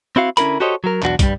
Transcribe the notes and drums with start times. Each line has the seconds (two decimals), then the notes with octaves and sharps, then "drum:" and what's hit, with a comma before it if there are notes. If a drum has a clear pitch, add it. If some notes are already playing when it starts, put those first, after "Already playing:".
0.16 C4 E4 F#4 F5
0.37 D3 C#4 E4 A#4 B5, drum: hi-hat
0.60 F#4 G4 A4 C5 C#5 D#5
0.84 F#3 A#4
1.02 B1 E2 D4 F#4, drum: clap
1.19 G2 G3, drum: kick, hi-hat